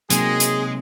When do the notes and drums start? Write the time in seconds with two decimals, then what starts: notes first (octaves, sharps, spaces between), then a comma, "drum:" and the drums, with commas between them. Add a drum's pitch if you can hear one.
0.10 C3 F#3 G#3 A#3 D#4 G#4, drum: hi-hat
0.40 drum: hi-hat